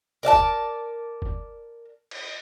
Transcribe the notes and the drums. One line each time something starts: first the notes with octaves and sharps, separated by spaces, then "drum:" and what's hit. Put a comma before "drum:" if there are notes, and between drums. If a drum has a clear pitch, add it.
A#4 D5 E5 A5
drum: kick
drum: kick
drum: cymbal